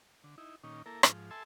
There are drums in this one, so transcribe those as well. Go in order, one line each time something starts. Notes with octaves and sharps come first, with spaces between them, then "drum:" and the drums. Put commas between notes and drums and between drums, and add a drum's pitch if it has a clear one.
D3
D#4 E4
A#2 D#3 C#4 D#4
A#3 E4 A4 A#4
G#2 F3, drum: rim click
A4 E5 G#5 A5 C6 E6